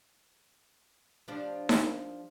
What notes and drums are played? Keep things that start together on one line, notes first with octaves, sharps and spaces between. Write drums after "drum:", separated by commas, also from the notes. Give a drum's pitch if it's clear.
F3 G3 D4
drum: snare D#4